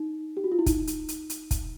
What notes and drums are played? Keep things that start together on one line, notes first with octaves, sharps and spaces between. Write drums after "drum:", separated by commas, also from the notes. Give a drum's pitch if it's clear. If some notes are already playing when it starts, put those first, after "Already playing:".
Already playing: D#4
G4
F#4
F4
E4
D#4, drum: kick, hi-hat
drum: hi-hat
drum: hi-hat
drum: hi-hat
drum: kick, hi-hat